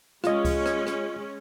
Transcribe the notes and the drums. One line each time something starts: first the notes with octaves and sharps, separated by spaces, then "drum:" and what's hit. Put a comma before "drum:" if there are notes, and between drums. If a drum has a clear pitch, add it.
G#3 C#4 F4 D#5, drum: rim click
drum: kick C#2, cymbal
drum: rim click
drum: rim click